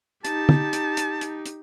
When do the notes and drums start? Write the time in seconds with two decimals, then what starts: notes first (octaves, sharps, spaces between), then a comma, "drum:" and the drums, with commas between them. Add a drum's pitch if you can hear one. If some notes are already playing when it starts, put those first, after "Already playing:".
0.25 D#4 G4 A5, drum: hi-hat
0.49 drum: tom D3
0.73 drum: hi-hat
0.97 drum: hi-hat
1.21 drum: hi-hat
1.46 drum: hi-hat